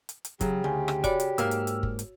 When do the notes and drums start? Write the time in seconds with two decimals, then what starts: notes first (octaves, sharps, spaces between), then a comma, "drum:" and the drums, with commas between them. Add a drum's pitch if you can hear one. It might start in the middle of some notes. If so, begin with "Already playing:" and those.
0.09 drum: hi-hat
0.25 drum: hi-hat
0.41 C#3 F#3 G4, drum: kick, hi-hat
0.64 D2 G#5
0.88 drum: rim click
1.04 F#4 C#5 D5 B5, drum: kick, hi-hat
1.20 drum: hi-hat
1.38 G#2 A#3 E6 F6, drum: hi-hat
1.51 drum: hi-hat
1.67 drum: hi-hat
1.83 drum: kick
1.99 drum: hi-hat